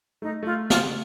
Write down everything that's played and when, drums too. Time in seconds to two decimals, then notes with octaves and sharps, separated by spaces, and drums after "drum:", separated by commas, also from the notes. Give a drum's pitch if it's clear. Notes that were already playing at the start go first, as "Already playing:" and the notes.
0.22 A3 D#4
0.43 A3 F4
0.70 F4, drum: snare